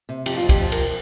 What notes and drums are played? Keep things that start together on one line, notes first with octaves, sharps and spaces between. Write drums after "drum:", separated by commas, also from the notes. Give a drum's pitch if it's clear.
C3
F2 G4, drum: cymbal
F4
F2
G4, drum: kick, cymbal
F3
A#4, drum: cymbal